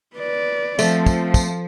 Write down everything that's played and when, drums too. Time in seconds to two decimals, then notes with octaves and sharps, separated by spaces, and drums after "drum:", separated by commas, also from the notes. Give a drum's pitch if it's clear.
0.16 B4 D5
0.79 F3 A3 C4, drum: tambourine
1.06 drum: kick, tambourine
1.34 drum: kick, tambourine